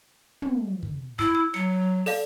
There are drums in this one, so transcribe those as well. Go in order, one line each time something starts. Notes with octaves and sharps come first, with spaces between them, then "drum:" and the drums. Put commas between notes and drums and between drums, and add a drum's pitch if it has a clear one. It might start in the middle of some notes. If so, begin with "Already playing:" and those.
drum: tom
drum: kick
E4 E6, drum: kick
E6
F#3 C#7
A4 D5 F5, drum: open hi-hat